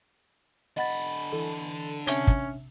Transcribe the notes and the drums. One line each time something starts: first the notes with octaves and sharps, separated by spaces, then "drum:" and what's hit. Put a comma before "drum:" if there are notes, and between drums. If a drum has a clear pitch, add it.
D3 D#5 F#5 B5 A6
E3 A4
C3 C#4 D4 E5, drum: hi-hat
drum: kick